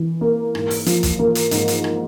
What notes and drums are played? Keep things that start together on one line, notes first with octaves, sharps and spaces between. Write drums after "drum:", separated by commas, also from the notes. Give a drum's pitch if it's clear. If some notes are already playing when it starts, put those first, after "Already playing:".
Already playing: E3
A#3
G#2, drum: rim click
drum: open hi-hat
F3, drum: hi-hat
drum: kick, hi-hat
A#3
drum: hi-hat
G#2, drum: hi-hat
drum: hi-hat
drum: rim click